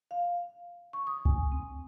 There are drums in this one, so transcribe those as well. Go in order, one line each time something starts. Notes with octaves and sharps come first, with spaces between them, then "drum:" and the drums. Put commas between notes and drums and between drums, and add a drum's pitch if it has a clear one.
F5
C#6
D#6
G#5, drum: kick C#2
C4